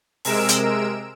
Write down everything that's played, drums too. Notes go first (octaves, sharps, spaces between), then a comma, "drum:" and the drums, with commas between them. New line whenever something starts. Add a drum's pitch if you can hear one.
C3 G#3 A#4 E6 D7 E7, drum: open hi-hat
drum: hi-hat